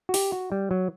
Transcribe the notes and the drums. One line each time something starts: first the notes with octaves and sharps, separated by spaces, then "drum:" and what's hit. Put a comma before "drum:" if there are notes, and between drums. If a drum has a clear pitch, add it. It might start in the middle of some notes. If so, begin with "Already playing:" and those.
F#4
G4, drum: open hi-hat
F#4
G3
F#3